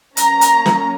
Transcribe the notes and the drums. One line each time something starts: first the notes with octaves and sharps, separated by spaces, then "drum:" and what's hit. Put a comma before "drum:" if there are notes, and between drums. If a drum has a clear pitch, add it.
F#3 A#3 C#4 A#5, drum: hi-hat
drum: hi-hat
drum: snare